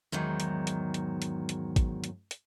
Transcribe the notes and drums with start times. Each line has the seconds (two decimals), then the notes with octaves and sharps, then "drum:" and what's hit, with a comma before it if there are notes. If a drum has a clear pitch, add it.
0.12 E2 G#2 D#3 F#3
0.40 drum: hi-hat
0.67 drum: hi-hat
0.94 drum: hi-hat
1.22 drum: hi-hat
1.49 drum: hi-hat
1.76 drum: kick G#1, hi-hat
2.04 drum: hi-hat
2.31 drum: hi-hat